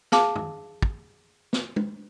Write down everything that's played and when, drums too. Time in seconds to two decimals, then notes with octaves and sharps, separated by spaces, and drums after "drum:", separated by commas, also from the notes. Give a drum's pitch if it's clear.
0.12 G#4 F5 A5 D6, drum: snare
0.35 drum: tom
0.82 drum: kick
1.53 drum: snare
1.76 drum: tom